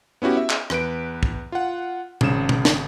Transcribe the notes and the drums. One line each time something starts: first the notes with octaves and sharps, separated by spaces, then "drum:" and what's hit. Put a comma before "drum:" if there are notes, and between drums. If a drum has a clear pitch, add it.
B3 C#4 E4 F#4 G4
E5
drum: clap
E2 B4 D7, drum: rim click
drum: kick
F4 F#5
G#1 C#3 E7, drum: tom B2
drum: tom
drum: snare